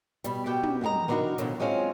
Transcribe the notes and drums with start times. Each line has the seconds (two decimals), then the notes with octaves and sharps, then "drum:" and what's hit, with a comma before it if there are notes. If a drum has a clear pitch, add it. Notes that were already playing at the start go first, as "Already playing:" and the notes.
0.24 B2 G3, drum: hi-hat
0.46 B2 F#4 G4 G5
0.63 drum: tom
0.81 F#2 G#3 G4 D#5 A#5
1.08 E3 B3 D4 D#4 F#4 A#4
1.38 B2 D3 D#3 F3 F#3, drum: hi-hat
1.60 F#3 G#3 C4 C#4 F4